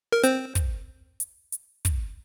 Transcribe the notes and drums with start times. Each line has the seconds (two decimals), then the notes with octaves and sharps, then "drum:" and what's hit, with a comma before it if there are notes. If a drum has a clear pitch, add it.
0.12 A#4
0.24 C4 C5, drum: hi-hat
0.55 drum: kick, hi-hat
1.20 drum: hi-hat
1.52 drum: hi-hat
1.85 drum: kick, hi-hat